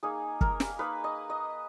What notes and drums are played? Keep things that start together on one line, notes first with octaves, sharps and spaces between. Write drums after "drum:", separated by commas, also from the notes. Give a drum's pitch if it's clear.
A#3 D#4 G#4
A#4, drum: kick
drum: snare
A#3 D#4 B4
D#5
D#5